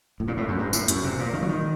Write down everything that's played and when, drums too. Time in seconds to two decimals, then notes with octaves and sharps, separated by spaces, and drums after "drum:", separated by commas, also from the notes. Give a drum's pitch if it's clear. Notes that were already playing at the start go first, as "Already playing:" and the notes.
0.20 A2
0.28 A#2
0.37 A2
0.48 F#2
0.58 G2
0.73 A2, drum: tambourine
0.88 F#2, drum: hi-hat
1.04 C3
1.19 A#2
1.34 D#3
1.43 F#3
1.49 D#3